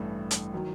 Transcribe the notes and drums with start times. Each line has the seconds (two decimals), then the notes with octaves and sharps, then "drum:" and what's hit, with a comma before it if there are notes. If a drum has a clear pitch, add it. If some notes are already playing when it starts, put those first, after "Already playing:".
Already playing: A1 G2 E3 A3
0.31 drum: hi-hat
0.54 D#3 F#3